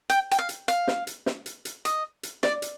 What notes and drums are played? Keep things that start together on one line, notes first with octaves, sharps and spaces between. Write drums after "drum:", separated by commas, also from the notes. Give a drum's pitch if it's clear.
G5, drum: hi-hat
G5, drum: hi-hat
F5
drum: hi-hat
F5, drum: hi-hat
drum: snare
drum: hi-hat
drum: snare
drum: hi-hat
drum: hi-hat
D#5, drum: hi-hat
drum: hi-hat
D5, drum: snare
drum: hi-hat